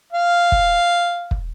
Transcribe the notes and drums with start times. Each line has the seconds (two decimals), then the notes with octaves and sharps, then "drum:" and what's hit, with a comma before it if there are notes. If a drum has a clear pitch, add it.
0.12 F5
0.52 drum: kick
1.31 drum: kick